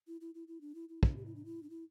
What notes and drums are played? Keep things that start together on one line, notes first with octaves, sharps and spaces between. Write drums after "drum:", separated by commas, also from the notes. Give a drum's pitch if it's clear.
E4
E4
E4
E4
D4
E4
E4
D4, drum: kick
G4
E4
D4
E4
D4
E4